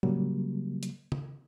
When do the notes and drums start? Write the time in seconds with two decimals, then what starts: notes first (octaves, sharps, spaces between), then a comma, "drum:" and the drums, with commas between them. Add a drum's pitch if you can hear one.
0.03 C#3 F#3 G3 A#3, drum: tom A2
0.83 drum: hi-hat
1.12 drum: tom C#3